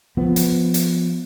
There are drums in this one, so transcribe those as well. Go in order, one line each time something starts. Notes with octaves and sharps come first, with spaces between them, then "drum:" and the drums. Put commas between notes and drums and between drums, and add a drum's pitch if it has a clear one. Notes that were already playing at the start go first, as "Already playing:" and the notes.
F3 B3
drum: hi-hat
drum: hi-hat